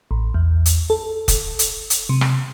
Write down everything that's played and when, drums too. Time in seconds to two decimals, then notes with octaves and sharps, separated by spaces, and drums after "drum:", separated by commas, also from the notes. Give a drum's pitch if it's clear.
0.11 A1
0.34 E2
0.66 drum: hi-hat
0.90 A4
1.28 drum: kick, hi-hat
1.59 drum: hi-hat
1.90 drum: hi-hat
2.09 C3
2.21 drum: rim click